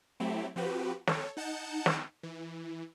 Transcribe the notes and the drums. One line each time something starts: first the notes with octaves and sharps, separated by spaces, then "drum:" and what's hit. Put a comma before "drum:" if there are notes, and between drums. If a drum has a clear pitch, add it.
F#3 A3 C4 E4 G4
F3 C4 F#4 G4 B4
A4 C#5, drum: snare
D#4 F#5 A5 G6 C#7 E7
drum: snare
E3